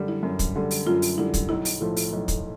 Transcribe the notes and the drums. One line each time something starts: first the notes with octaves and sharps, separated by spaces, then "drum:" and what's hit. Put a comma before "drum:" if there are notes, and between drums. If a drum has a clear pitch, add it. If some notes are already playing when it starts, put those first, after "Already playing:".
Already playing: F#2 D3 G3
E4
F#2
drum: kick, hi-hat
D3 G3
drum: open hi-hat
F#2 F4
drum: open hi-hat
D3 G3 E4
drum: kick, hi-hat
B1 E4
drum: open hi-hat
A2 F3 A3
drum: open hi-hat
B1
drum: kick, hi-hat